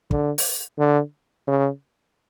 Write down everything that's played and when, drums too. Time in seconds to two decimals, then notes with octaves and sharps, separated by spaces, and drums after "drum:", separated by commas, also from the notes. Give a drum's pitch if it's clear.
0.11 D3, drum: kick
0.38 drum: open hi-hat
0.79 D3
1.47 C#3